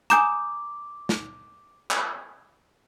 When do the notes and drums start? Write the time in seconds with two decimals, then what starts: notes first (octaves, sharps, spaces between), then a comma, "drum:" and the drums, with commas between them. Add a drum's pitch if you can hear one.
0.10 G#5 A#5 D6 D#6 G6 E7, drum: hi-hat
1.09 drum: snare
1.91 drum: clap